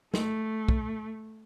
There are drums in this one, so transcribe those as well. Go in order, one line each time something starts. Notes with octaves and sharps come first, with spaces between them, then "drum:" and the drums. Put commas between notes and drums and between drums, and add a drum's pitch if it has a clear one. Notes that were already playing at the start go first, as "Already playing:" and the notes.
A3, drum: snare
drum: kick B1